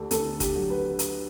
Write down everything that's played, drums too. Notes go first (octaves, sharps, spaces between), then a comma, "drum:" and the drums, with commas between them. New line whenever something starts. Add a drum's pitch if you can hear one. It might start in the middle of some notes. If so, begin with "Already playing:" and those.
Already playing: D2 D3 G4 A4
D2 A4, drum: hi-hat
G4, drum: kick, hi-hat
F#3
B4
drum: hi-hat